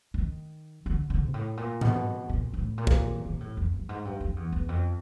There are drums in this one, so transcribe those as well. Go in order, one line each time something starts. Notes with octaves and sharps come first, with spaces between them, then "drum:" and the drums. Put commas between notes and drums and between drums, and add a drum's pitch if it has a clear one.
D#3
D3
D3
G#2
A2
A#2
B2, drum: tom G#2
A#2
A2
A#2
drum: kick
A#2
A2
F2
G2
G#2
G2
F2
E2
E2
F2